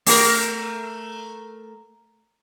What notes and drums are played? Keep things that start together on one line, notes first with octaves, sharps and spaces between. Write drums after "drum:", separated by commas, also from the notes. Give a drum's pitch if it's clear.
A3 A#4, drum: open hi-hat